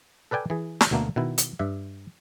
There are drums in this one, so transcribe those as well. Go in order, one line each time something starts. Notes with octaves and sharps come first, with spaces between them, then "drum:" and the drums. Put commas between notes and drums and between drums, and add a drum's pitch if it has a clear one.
A4 B4 D5 G5 G#5
E3 G#4
drum: snare
D2 B2 D3 A3 A#3
B2 D#3 E4
drum: hi-hat
G2 E5